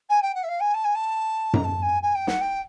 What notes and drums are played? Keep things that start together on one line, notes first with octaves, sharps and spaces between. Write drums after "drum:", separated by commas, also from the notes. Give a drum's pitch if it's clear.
G#5
G5
F#5
E5
F5
G#5
A5
G#5
A5
A#5, drum: tom F#2
A5
G#5
G#5
G5
F#5, drum: snare
G5